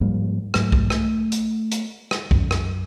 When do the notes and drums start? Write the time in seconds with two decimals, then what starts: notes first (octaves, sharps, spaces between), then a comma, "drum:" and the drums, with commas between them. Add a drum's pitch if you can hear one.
0.01 G#2 F3 G3 A#3
0.54 G#2 F#3 A3, drum: rim click
0.72 drum: kick
0.90 A3, drum: rim click
1.32 drum: hi-hat
1.72 drum: hi-hat
2.11 drum: rim click
2.31 F#2, drum: kick
2.51 drum: rim click